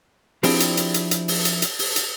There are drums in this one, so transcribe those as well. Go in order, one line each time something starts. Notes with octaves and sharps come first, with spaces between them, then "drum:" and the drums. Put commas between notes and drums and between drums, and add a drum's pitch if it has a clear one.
F3 C4 D4 E4 G4 G#4, drum: open hi-hat
drum: hi-hat
drum: hi-hat
drum: hi-hat
drum: hi-hat
drum: open hi-hat
drum: hi-hat
drum: hi-hat
drum: open hi-hat
drum: hi-hat